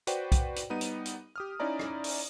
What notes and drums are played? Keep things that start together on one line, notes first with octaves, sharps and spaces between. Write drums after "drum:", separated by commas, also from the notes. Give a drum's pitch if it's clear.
F#4 B4 C5 D5 G5, drum: hi-hat
drum: kick B1, hi-hat
drum: hi-hat
G3 B3 D#4 D#7
drum: hi-hat
drum: hi-hat
G4 D#6 F6
C#4 D#4 E4 D5 A#5
drum: rim click
drum: open hi-hat